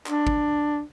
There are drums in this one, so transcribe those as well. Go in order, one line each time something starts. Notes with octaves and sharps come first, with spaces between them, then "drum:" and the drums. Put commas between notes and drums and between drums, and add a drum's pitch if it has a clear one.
D4, drum: clap
drum: kick G#1